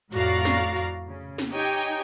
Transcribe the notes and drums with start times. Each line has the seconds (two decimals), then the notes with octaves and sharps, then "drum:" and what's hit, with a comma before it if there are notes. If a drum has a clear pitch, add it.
0.12 F2 A2 F#4 D5 F5 A#5, drum: hi-hat
0.45 drum: snare
0.76 drum: hi-hat
1.07 C#3
1.38 drum: snare
1.51 D#4 G4 C#5 G5 G#5